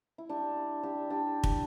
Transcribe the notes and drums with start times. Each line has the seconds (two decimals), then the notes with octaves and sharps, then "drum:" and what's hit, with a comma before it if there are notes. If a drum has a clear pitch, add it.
0.18 E4
0.29 D4 G4
0.83 D4 G4
1.10 D4 G4
1.44 drum: kick